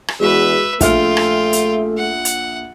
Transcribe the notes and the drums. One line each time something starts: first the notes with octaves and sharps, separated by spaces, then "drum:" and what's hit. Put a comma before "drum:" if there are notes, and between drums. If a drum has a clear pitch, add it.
drum: rim click
E2 G#3 F#4 B4 E5
A#1 A3 F4 E5 G5 F6, drum: kick, hi-hat
drum: rim click
drum: hi-hat
F#5
drum: hi-hat